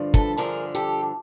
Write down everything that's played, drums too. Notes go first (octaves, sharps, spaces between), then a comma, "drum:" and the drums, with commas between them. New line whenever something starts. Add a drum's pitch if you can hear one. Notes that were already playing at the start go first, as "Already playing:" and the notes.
Already playing: G2 D3 F3
A4 B4, drum: kick
G2 D3 F3 G#4 A#4
G4 A4